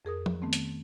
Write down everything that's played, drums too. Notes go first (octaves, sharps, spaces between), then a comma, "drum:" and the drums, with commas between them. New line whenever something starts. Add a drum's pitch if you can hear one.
F2 G#4 A#4 D#6
drum: tom F3
D#3 A3 B3 C4
drum: hi-hat